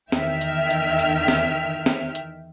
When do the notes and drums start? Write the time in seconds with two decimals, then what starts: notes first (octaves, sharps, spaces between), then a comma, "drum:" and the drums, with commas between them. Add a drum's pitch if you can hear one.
0.12 E2 D#3 E5 G5 F6, drum: snare
0.41 drum: hi-hat
0.70 drum: hi-hat
0.99 drum: hi-hat
1.28 drum: snare
1.86 drum: snare
2.15 drum: hi-hat